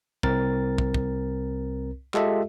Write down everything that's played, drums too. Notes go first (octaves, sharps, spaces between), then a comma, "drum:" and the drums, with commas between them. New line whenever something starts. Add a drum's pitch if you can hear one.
C2 C4 A#4 A6, drum: kick
drum: kick
drum: kick
G#3 F4 G4 A4 D#5 E5, drum: clap